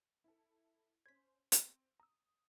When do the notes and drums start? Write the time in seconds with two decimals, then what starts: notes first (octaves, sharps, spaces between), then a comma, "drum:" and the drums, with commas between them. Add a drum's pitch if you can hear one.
0.24 E4 A4
1.06 C#4 C5 G#6 B6
1.52 C4, drum: hi-hat
2.00 A#5 D#6 E6